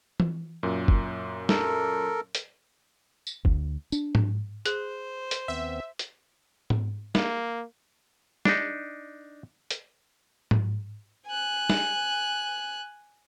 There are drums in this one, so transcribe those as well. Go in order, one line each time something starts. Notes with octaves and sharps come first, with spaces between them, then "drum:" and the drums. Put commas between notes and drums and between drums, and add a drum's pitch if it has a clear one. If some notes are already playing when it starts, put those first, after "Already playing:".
drum: tom E3
F#2 A#2
drum: kick
A4 A#4, drum: snare
drum: hi-hat
drum: tambourine
D2, drum: kick
D4, drum: tambourine
drum: tom G#2
G#4 C5 F#6, drum: hi-hat
drum: hi-hat
D#2 B3 C4 E5
drum: hi-hat
drum: tom G#2
A#3, drum: snare
D4 D#4, drum: snare
drum: hi-hat
drum: tom G#2
G#5 F#6
drum: snare